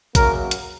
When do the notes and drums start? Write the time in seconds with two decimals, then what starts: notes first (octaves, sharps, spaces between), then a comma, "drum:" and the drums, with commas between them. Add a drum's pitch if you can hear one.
0.15 F#2 C#3 F#3 A#3 A#4, drum: kick A#1, hi-hat
0.51 drum: hi-hat